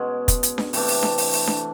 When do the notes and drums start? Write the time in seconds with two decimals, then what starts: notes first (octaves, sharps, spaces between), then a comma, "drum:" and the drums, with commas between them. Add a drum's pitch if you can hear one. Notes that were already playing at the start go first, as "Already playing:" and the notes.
Already playing: B2 G#3 C#4
0.28 drum: kick, hi-hat
0.43 drum: hi-hat
0.58 drum: snare D4
0.73 C3 E3 A3 D4, drum: open hi-hat
0.88 drum: open hi-hat
1.03 drum: snare D4
1.18 drum: open hi-hat
1.33 drum: open hi-hat
1.47 drum: snare D4